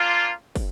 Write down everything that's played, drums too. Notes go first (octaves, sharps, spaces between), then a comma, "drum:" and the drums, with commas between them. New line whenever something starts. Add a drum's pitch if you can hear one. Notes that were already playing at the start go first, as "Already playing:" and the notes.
Already playing: A#3 D4 F4
drum: kick, open hi-hat